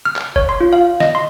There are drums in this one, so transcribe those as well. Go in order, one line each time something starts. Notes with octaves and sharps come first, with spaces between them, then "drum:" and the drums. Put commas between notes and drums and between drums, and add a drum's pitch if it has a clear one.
F6
drum: clap
C#5, drum: kick G1
C6
F4
F5
D#5, drum: snare
C6